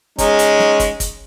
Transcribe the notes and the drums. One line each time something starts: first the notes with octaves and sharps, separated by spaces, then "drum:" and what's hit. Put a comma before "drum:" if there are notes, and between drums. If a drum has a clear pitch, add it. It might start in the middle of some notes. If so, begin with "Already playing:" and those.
G#3 C#4 D#4, drum: kick, hi-hat
drum: hi-hat
drum: snare
drum: kick, hi-hat
drum: kick, hi-hat